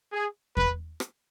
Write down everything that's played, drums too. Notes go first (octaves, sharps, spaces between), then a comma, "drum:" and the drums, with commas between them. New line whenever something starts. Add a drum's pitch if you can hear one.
G#4
B4, drum: kick E2
drum: rim click